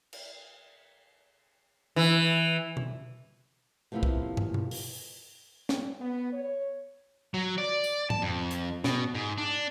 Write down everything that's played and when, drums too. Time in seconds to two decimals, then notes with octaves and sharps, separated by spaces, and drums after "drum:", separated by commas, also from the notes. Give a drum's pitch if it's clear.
0.13 drum: cymbal
1.96 E3
2.77 drum: tom B2
3.92 A2 C3 F3 A#3 B3 E4
4.03 drum: kick
4.37 drum: tom
4.54 drum: tom B2
4.71 drum: open hi-hat
5.69 drum: snare
5.99 B3
6.32 C#5
7.34 F#3
7.58 D5
7.84 drum: tambourine
8.10 A5, drum: tom G#2
8.22 F2
8.51 drum: hi-hat
8.84 B2, drum: snare
9.14 G#2
9.38 D4